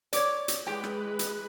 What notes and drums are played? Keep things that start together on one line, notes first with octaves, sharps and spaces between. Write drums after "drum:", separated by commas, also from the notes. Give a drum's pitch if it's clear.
C#5 D5, drum: hi-hat
drum: hi-hat
E3 G#3 G4 B4 G5
drum: rim click
drum: hi-hat